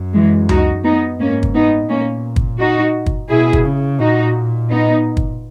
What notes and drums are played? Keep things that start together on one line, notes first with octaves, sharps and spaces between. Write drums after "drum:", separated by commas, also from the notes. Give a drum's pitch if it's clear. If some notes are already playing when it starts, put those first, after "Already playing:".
Already playing: F#2
E3 G#3
D#4 F#4, drum: tom C#2
B3 D#4
G#2 A#3 C#4
drum: kick
B3 D#4
A#2 A#3 C#4
drum: kick
D#4 F#4
drum: kick
B2 E4 G#4
drum: kick
C#3
A#2 D#4 F#4
B3 D#4
drum: kick